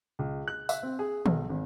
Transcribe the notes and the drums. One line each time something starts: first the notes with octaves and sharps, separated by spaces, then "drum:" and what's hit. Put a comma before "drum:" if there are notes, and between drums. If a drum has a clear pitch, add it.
C#2
F#6
E5, drum: tambourine
C4
G#4
B1, drum: tom
G#1